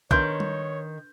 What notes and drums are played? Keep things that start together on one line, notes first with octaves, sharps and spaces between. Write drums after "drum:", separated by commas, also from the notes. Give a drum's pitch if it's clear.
D#3 D4 B4 C#5 C6 G6, drum: kick B1
drum: tom G3